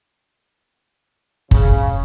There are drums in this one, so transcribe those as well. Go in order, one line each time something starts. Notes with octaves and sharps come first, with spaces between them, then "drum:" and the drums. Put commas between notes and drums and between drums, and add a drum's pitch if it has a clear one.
C#3, drum: kick F#1